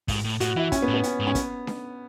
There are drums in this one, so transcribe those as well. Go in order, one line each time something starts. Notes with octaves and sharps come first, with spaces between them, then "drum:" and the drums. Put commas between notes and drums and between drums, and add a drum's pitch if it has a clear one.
G#2, drum: kick, open hi-hat
A2
A2 F#4, drum: hi-hat
E3 E4
C#4, drum: kick, hi-hat
B3
A2
B3
C#4, drum: hi-hat
G#2
C#4
B3, drum: kick, hi-hat
drum: snare D4